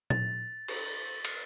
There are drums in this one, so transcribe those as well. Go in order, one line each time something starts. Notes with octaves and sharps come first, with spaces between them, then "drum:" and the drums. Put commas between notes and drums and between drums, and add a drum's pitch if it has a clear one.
A6, drum: tom A#2
drum: cymbal
drum: cymbal